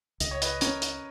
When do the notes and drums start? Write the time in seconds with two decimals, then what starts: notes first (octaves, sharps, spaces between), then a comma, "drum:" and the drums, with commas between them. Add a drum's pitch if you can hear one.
0.20 C#2 D#5, drum: hi-hat
0.31 C#5
0.42 B4 D#5, drum: hi-hat
0.61 C#4 A#4 C#5, drum: hi-hat
0.82 drum: hi-hat